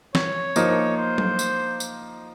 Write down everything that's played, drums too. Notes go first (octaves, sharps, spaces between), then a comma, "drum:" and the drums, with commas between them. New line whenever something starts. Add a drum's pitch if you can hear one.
C#5, drum: snare
F3 A#3 D#4, drum: tambourine
C5
drum: tom F#3
drum: tambourine
drum: tambourine